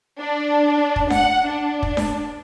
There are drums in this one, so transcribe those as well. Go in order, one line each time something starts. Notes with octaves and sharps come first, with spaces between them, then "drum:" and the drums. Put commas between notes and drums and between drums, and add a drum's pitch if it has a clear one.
D4
drum: kick
F#5, drum: snare D4
D4
drum: kick
drum: snare D4